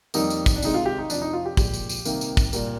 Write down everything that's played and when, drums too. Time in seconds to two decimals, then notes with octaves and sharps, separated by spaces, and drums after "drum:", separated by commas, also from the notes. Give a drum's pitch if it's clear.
0.14 F2 D#3 G3 A#3 D#4, drum: tambourine
0.30 drum: tambourine
0.46 drum: kick, tambourine
0.56 D4
0.62 C3 D#3 G#3 D#4, drum: tambourine
0.74 F4
0.86 G4
0.98 D#4
1.10 F2 C3 F3 D4, drum: tambourine
1.22 D#4
1.33 F4
1.45 G4
1.57 A#2 F3 G#3 G4, drum: kick, tambourine
1.73 drum: tambourine
1.89 drum: tambourine
2.05 C3 D#3 G3 A#3, drum: tambourine
2.21 drum: tambourine
2.37 drum: kick, tambourine
2.53 A#2 G3 A#3, drum: tambourine